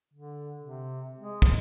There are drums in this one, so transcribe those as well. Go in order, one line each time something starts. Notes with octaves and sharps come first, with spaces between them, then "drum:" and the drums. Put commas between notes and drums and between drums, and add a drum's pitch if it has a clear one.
D3
C3
G#3
drum: kick